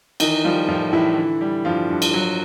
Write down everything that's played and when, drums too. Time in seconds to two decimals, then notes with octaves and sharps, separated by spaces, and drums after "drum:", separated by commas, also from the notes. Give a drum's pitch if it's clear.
0.20 D#3 E3 D#4, drum: cymbal
0.45 F3 G3 F4
0.68 A2 F3 F4
0.92 A2 E3 E4
1.17 D3
1.41 G3
1.65 G2 F3 F4
1.90 G2
2.02 drum: cymbal
2.14 F#3